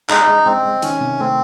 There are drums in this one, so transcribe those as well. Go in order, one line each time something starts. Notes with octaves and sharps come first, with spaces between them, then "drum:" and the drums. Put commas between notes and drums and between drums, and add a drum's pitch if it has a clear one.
G#3 D#4, drum: clap
G#3
G#3 C4
G#3
D#3 C#4, drum: hi-hat
C3
A3 C4